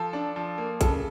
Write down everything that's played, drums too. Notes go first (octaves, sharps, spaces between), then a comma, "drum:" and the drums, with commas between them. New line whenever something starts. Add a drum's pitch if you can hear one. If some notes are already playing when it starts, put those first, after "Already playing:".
Already playing: F3 A4
D4
F3
A#3
C#3 A4, drum: kick A#1, hi-hat